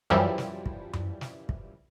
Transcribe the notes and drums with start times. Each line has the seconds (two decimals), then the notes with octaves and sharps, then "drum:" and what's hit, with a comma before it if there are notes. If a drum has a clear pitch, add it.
0.10 F#2 E3 F3 G3 E4, drum: tom F#2
0.38 drum: snare
0.66 drum: kick
0.93 drum: tom F#2
1.21 drum: snare
1.49 drum: kick